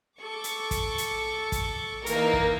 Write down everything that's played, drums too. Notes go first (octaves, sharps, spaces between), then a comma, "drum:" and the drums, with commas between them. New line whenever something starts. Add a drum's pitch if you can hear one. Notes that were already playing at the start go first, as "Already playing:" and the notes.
A4 C#6 D6
drum: hi-hat
drum: kick, hi-hat
drum: hi-hat
drum: kick, hi-hat
E3 A#3 D#4 A#4, drum: hi-hat
drum: kick